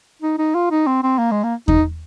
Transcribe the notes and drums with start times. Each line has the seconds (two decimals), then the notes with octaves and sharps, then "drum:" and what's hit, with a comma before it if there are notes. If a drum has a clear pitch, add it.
0.22 D#4
0.38 D#4
0.55 F4
0.71 D#4
0.87 C4
1.03 C4
1.18 A#3
1.31 G#3
1.44 A#3
1.68 D#4, drum: kick E2